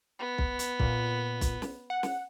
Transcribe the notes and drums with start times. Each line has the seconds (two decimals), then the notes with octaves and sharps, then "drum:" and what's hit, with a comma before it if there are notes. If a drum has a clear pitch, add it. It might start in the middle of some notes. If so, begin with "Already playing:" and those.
0.19 B3
0.38 drum: kick B1
0.59 drum: hi-hat
0.80 A#2, drum: kick B1
1.41 drum: kick B1, hi-hat
1.62 drum: snare
1.90 F#5
2.03 drum: snare